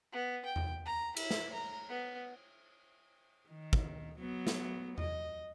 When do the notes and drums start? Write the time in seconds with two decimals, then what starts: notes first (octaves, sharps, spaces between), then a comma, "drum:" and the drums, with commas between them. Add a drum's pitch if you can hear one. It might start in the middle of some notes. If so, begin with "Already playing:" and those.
0.12 B3
0.45 G5
0.56 drum: tom E2
0.85 A#5
1.17 E4, drum: cymbal
1.31 drum: snare
1.53 A#5
1.89 B3
3.49 D#3
3.73 drum: kick
4.19 F#3 B3
4.47 drum: snare
4.98 D#5, drum: tom E2